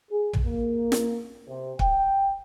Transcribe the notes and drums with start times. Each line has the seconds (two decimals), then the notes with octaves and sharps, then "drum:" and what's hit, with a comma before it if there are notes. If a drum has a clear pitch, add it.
0.11 G#4
0.33 drum: tom
0.46 A#3
0.92 drum: snare
1.48 C3
1.79 G5, drum: kick